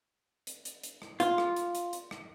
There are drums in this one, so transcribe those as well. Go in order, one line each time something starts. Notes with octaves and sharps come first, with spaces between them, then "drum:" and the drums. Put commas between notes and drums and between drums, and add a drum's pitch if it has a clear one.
drum: hi-hat
drum: hi-hat
drum: hi-hat
drum: rim click
F4, drum: hi-hat
drum: rim click
drum: hi-hat
drum: hi-hat
drum: hi-hat
drum: rim click